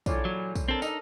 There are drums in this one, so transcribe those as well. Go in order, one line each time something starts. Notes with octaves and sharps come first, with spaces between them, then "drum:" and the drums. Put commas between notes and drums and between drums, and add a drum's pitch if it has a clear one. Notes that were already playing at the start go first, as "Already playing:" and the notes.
A#1 E3 F4 A4 C#5 D5, drum: kick, tambourine
F#3
drum: kick, tambourine
C4 D4 A4 A#4
D#4 A4 D#5, drum: tambourine